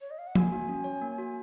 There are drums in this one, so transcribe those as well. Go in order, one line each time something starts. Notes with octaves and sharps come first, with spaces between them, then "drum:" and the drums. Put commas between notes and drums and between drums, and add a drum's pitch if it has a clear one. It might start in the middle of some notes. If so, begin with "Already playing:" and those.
C#5
D#5
F5
F#5
A#3 G#5, drum: tom F3
F#4
C#4
C#5
A#3
F#4